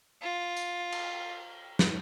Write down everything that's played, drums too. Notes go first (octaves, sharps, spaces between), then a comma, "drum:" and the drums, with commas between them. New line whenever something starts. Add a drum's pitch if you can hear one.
F4
drum: tambourine
drum: cymbal
drum: snare